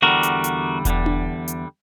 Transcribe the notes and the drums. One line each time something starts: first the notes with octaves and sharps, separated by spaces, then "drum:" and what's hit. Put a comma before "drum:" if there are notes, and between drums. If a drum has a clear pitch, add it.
E2 D3 G3 F#4 A#4
drum: hi-hat
drum: hi-hat
E2 D3 G3, drum: kick E1, hi-hat
drum: tom D4
drum: hi-hat